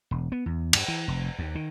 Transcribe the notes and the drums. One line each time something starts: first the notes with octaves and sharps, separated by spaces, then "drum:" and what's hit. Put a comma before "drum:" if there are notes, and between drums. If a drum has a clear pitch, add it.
E1
B3
E2
G2, drum: cymbal
E3
F1
D#2
D#3